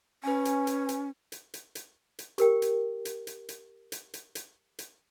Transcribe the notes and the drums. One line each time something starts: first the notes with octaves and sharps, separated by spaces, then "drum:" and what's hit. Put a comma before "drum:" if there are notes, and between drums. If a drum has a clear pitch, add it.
C#4 B4 G#5
drum: hi-hat
drum: hi-hat
drum: hi-hat
drum: hi-hat
drum: hi-hat
drum: hi-hat
drum: hi-hat
G4 A#4 G5, drum: hi-hat
drum: hi-hat
drum: hi-hat
drum: hi-hat
drum: hi-hat
drum: hi-hat
drum: hi-hat
drum: hi-hat
drum: hi-hat